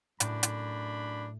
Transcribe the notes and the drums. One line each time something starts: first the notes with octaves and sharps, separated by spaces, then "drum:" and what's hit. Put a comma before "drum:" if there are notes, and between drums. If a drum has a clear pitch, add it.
F#2 A2 D4 B5, drum: hi-hat
drum: hi-hat